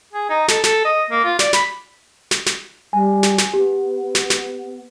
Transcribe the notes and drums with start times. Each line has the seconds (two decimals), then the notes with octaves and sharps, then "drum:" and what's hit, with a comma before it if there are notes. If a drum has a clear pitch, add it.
0.13 G#4
0.29 D#4
0.48 A4, drum: snare
0.64 A4, drum: snare
0.85 D#5
1.10 A#3
1.24 F4
1.39 D5, drum: snare
1.53 B5, drum: snare
2.31 drum: snare
2.46 drum: snare
2.93 G3 G#5
3.23 drum: snare
3.38 drum: snare
3.54 B3 G4
4.15 drum: snare
4.30 drum: snare